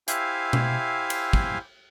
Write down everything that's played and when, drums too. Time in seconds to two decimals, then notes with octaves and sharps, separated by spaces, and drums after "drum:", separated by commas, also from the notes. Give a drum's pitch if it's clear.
0.08 E4 G4 C5 E5 F5 G#5, drum: hi-hat
0.53 drum: tom B2
1.10 drum: cymbal
1.33 drum: kick